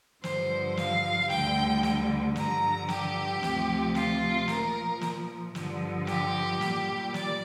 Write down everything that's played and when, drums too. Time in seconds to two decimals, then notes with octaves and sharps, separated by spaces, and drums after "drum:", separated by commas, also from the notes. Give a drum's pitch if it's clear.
0.24 G2 D3 F3 C5, drum: snare
0.77 F5, drum: snare
1.30 D2 D3 G3 G5, drum: snare
1.83 drum: snare
2.36 G2 D3 F3 A#5, drum: snare
2.89 G4, drum: snare
3.43 D2 C3 F3, drum: snare
3.95 F4, drum: snare
4.48 A#2 F3 A#4, drum: snare
5.01 drum: snare
5.55 G2 D3 F3, drum: snare
6.07 G4, drum: snare
6.61 A#2 G3, drum: snare
7.14 D5, drum: snare